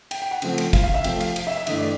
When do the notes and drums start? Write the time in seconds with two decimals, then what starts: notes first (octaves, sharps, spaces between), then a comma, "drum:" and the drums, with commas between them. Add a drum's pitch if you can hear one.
0.11 G5, drum: cymbal
0.22 G5
0.31 F#5
0.42 C#3 F3 A3 C4, drum: cymbal
0.58 drum: cymbal
0.73 F5, drum: kick, cymbal
0.84 F5
0.94 E5
1.04 C3 F3 A3 C4 G5, drum: cymbal
1.20 F5, drum: cymbal
1.36 drum: cymbal
1.47 E5
1.57 E5
1.67 G2 E3 A3 D#5, drum: cymbal
1.78 D5